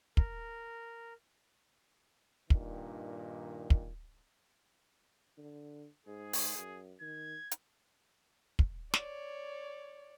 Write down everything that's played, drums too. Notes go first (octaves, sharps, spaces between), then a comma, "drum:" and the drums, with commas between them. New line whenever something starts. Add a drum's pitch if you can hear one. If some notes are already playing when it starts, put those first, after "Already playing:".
A#4, drum: kick
G2 A#2 D#3, drum: kick
drum: kick
D3
G#2 G#4
drum: open hi-hat
F#2
D#3 G#6
drum: hi-hat
drum: kick
C#5 D5, drum: snare